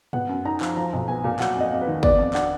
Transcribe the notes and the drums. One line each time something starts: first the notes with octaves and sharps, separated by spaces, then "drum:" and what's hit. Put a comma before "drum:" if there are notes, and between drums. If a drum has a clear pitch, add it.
B3 F#5, drum: tom
F#2
D#4 A#5
F3, drum: clap
F3 A#5
B1
B3 G#5
A#2
F#3 F#5, drum: clap
F2 D#5
F2
B4
D#3
B3 D5, drum: kick
F2
D4 F#5, drum: clap